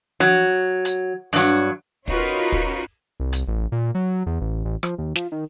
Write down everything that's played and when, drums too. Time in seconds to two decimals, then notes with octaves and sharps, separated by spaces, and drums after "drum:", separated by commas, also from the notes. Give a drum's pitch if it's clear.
0.20 F#3, drum: tom F3
0.85 drum: hi-hat
1.33 G2 F#3, drum: open hi-hat
2.08 C#4 D#4 F4 F#4 A#4 B4, drum: kick
2.52 drum: kick
3.20 C2
3.33 drum: hi-hat
3.48 A1
3.72 A#2
3.95 F#3
4.26 E2
4.41 A1
4.65 A1
4.83 F3, drum: rim click
4.98 D#2
5.15 F3, drum: snare
5.32 D#3